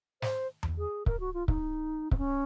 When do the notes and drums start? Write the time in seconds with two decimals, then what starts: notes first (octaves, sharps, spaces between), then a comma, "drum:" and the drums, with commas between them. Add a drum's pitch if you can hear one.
0.22 C5, drum: snare
0.63 drum: tom E2
0.78 G#4
1.06 A#4, drum: kick C#1
1.20 F#4
1.34 F4
1.48 D#4, drum: kick C#1
2.11 C4, drum: kick C#1
2.18 C#4